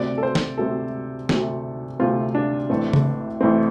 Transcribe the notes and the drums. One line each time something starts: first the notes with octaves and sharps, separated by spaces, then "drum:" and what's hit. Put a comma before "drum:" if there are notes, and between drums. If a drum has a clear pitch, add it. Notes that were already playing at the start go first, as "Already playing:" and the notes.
Already playing: D2 C3 A3 C4 D5
A4
C5
drum: snare
D2 C3 A3 C4 A4
D2 C3 A3 C4, drum: snare
D2 C3 A3 C4 F4
D4
A1 A2 A3 C4
drum: tom C#3
A1 A2 A3 C4